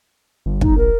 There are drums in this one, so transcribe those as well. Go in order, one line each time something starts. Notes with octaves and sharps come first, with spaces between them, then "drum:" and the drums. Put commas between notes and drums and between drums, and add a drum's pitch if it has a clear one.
G1
D#4, drum: kick
A#1 A#4